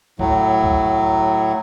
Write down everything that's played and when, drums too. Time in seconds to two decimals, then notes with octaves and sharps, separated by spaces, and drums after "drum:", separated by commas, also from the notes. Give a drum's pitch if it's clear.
0.19 A2 F#3, drum: kick
0.63 drum: kick